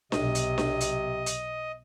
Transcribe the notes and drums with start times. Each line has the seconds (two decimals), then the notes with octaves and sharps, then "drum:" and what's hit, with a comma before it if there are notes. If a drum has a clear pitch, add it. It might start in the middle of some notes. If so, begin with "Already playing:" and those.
0.12 B1 C3 D#5, drum: snare D4
0.35 drum: hi-hat
0.58 drum: snare D4
0.81 drum: hi-hat
1.26 drum: hi-hat